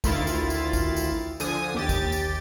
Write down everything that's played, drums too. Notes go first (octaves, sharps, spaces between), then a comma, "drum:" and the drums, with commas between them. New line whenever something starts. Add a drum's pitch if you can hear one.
D2 D#3 E4 F4 A6, drum: kick A1, tambourine
drum: tambourine
drum: tambourine
drum: kick A1, tambourine
drum: tambourine
D3 F3 G#5 D#6, drum: tambourine
D#2 G4 A6
drum: kick A1, tambourine
drum: tambourine